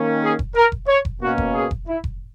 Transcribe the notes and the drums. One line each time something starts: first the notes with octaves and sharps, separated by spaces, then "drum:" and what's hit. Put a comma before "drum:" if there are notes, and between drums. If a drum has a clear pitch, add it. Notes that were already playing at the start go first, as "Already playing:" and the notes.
Already playing: D#3 A#3 C#4
G#4
drum: kick F1
A#4
drum: kick F1
C#5
drum: kick F1
B2 A#3 C#4 F#4
drum: kick F1
G#4
drum: kick F1
E4
drum: kick F1